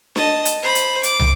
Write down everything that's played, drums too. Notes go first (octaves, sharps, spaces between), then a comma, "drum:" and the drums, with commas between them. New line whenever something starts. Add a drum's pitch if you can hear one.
D#5 A5, drum: snare D4
drum: hi-hat
C5 B5
drum: hi-hat
D6, drum: hi-hat
drum: tom